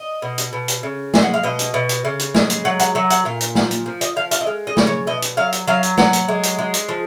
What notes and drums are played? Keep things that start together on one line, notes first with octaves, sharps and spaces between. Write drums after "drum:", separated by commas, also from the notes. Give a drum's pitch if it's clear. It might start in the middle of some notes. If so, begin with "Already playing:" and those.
Already playing: D#5
B2
drum: hi-hat
B2
drum: hi-hat
C#3
G#3, drum: snare
F#5
F5
B2 D#5
drum: hi-hat
B2
drum: hi-hat
C#3
drum: hi-hat
G#3, drum: snare
drum: hi-hat
F#3 F#5
F#5, drum: hi-hat
F#3 F#5
F#5, drum: hi-hat
A#2 F5
drum: hi-hat
F3 F#5, drum: snare
drum: hi-hat
F3
D#5, drum: hi-hat
F3 F5
F5, drum: hi-hat
D#5
G#3 F5
D#5
C#3, drum: snare
C#5
B2 D#5
drum: hi-hat
F#3 F5
drum: hi-hat
F#3 F5
drum: hi-hat
F#3 F#5, drum: snare
drum: hi-hat
G#3
drum: hi-hat
G#3
drum: hi-hat
F3